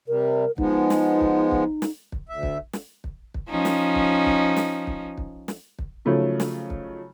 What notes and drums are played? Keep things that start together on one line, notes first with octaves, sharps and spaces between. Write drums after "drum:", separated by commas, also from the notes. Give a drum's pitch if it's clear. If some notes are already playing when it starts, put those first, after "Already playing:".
C3 G3 A#4
F3 G#3 B3 D#4, drum: kick
drum: snare
drum: kick
drum: kick
drum: snare
drum: kick
D2 E5
drum: kick
drum: snare
drum: kick
drum: kick
F3 C#4 D#4
drum: snare
drum: kick
drum: kick
drum: snare
drum: kick
drum: kick
drum: snare
drum: kick
C#3 F3 F#3 A3 C#4 D#4
drum: snare
drum: kick